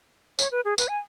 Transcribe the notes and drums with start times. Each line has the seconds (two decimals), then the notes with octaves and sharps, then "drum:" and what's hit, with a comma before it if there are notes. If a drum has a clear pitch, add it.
0.39 C#5, drum: tambourine
0.52 B4
0.65 G#4
0.78 B4, drum: tambourine
0.88 G#5